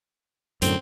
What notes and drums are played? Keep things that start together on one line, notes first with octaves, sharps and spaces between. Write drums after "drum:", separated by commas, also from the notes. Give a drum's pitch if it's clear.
F#2 A2 D3 C4, drum: hi-hat